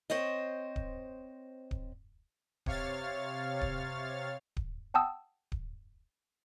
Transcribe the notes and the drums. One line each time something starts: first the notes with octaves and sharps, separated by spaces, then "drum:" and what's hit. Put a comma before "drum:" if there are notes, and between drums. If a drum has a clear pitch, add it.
C4 C5 C#5 D#5
drum: kick D1
drum: kick D1
C3 C#5 F5 F6 A6, drum: kick D1
drum: kick D1
drum: kick D1
F#5 G5 A5 D#6 E6
drum: kick D1